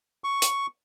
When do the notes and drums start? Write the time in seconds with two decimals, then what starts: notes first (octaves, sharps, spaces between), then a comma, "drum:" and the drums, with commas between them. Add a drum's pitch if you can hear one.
0.24 C#6
0.42 drum: hi-hat